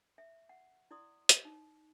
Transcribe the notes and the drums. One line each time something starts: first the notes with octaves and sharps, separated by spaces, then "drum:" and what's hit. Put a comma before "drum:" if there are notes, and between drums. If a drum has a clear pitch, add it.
E5
F#5
E4 D5 C6 D#6
drum: hi-hat
D#4